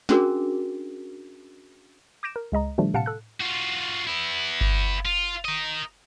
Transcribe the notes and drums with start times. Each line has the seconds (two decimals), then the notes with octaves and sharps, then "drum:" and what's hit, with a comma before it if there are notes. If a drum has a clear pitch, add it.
0.09 C#4 D4 F#4 G#4 A#4 D6, drum: snare
2.23 D6 G6 A#6 D7 E7
2.36 A#4
2.52 C#2 G#3 D#5 A#5
2.78 B2 D#3 F3 G3 A3 D4
2.94 C3 F5 F#5 A5 C#7, drum: tom A2
3.06 A4 F#6
3.40 F4 F#4
4.07 B3 E4
4.61 drum: kick G1
5.05 F4
5.45 A#4 D#5